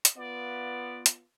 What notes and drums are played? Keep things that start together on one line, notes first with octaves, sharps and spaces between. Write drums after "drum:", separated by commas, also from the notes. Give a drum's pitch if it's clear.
drum: hi-hat
B3 F4 D5
drum: hi-hat